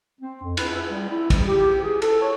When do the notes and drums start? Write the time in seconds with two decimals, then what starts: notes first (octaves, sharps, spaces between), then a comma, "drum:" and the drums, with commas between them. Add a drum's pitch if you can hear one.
0.20 C4
0.42 F2
0.57 B4, drum: cymbal
0.73 E5
0.88 G3
1.10 E4
1.30 G3, drum: kick, cymbal
1.46 G4
1.82 G#4
2.02 A4, drum: cymbal
2.20 C#5